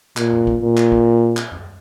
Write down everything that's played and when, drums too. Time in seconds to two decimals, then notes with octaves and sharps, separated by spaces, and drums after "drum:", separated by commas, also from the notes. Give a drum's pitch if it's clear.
0.17 A#2, drum: clap
0.32 drum: tom F#2
0.47 drum: kick
0.62 A#2
0.77 drum: clap
0.92 drum: kick
1.37 drum: clap
1.52 drum: tom F#2